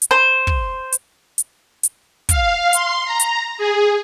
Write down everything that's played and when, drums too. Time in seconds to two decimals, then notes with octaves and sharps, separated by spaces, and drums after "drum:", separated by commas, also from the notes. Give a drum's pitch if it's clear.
0.02 drum: hi-hat
0.11 C5
0.47 drum: kick
0.92 drum: hi-hat
1.38 drum: hi-hat
1.83 drum: hi-hat
2.29 F5, drum: kick, hi-hat
2.73 C6, drum: hi-hat
3.05 A#5
3.20 drum: hi-hat
3.58 G#4